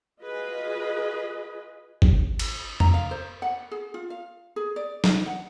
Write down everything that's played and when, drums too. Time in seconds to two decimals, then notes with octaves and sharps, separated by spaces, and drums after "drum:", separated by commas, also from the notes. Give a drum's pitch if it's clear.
0.21 F4 F#4 G#4 B4 D#5
2.02 drum: kick
2.39 drum: cymbal
2.80 A#5, drum: tom F2
2.94 F5
3.11 C5
3.42 F#5
3.71 G#4
3.94 F4
4.10 F5
4.56 G#4
4.76 D5
5.04 D#4, drum: snare
5.26 F#5